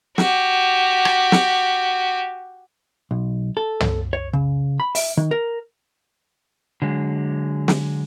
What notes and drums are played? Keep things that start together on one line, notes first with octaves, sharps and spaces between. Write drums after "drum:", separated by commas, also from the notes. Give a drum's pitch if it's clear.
F#4 G4, drum: snare
drum: rim click
drum: snare
B1
A4
drum: tom
C#5
C#3
B5
E5, drum: open hi-hat
D#3
A#4
D3 F#3 G#3
drum: snare